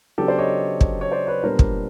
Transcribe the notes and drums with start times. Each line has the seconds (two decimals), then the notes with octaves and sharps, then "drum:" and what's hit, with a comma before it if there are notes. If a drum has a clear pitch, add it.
0.18 C#3 F#3 B3 D4 G4 A4
0.28 C5 D5
0.38 C#5 D#5
0.81 drum: kick
1.01 C#5
1.12 C5 D5
1.27 B4 C#5
1.43 A#2 G3 B3 D4 A#4 C5
1.59 drum: kick